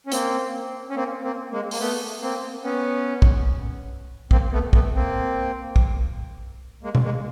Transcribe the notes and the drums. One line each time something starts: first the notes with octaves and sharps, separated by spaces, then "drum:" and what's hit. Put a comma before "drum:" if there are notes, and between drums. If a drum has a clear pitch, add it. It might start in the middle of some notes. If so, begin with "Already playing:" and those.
C#4
A#3 C4, drum: hi-hat
C#4
A#3 C4
A#3 C4
G#3 A#3
A#3, drum: open hi-hat
A3 B3
A#3 C4
B3 C#4
drum: kick
A#3 C4, drum: kick
A3 B3
A3 B3, drum: kick
A#3 C4
drum: kick
G#3 A#3
drum: tom B2
G#3 A#3